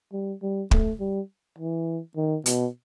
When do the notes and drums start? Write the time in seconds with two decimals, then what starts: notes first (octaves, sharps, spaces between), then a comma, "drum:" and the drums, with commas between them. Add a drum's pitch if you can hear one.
0.13 G3
0.42 G3
0.71 A3, drum: kick
1.00 G3
1.59 E3
2.17 D#3
2.46 B2, drum: hi-hat